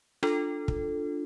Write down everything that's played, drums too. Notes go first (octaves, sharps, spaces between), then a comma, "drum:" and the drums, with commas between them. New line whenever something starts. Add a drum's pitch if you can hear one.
D4 F4 A4, drum: rim click
drum: kick